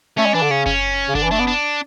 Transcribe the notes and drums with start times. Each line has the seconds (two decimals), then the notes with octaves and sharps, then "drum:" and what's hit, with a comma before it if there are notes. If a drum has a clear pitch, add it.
0.18 A3 C#4
0.26 G#3
0.34 E3 D4
0.42 D3
0.50 C#3 C#4
0.66 C#4, drum: kick F#1
1.08 C#3
1.15 D3 D4, drum: kick F#1
1.23 E3
1.31 A3 D4
1.39 B3
1.47 D4